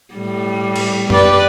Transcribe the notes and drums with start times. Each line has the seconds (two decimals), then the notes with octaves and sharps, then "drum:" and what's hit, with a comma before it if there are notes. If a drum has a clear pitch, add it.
0.14 A2 G3
0.76 drum: cymbal
1.10 G4 B4 D5, drum: tom F#2